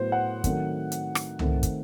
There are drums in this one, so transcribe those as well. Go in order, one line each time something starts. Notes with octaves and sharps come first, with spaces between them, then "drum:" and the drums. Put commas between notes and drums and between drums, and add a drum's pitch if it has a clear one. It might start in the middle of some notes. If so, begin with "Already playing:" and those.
Already playing: A2 F#3 B3 C5
F#5
D#3 F#3 A3 C4, drum: kick, hi-hat
drum: hi-hat
drum: rim click
D#3 A3 C4, drum: tom C2
drum: kick, hi-hat